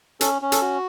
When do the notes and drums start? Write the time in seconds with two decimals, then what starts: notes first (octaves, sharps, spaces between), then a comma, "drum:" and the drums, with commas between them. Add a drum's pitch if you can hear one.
0.21 C#4 A4, drum: hi-hat
0.42 C#4
0.52 A4, drum: hi-hat
0.61 F#4